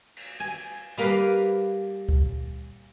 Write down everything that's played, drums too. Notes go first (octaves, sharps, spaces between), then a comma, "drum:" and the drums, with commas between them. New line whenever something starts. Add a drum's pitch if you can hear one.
drum: cymbal
G#5
G3 A#3 A#4 B4 F5
drum: hi-hat
drum: kick C#2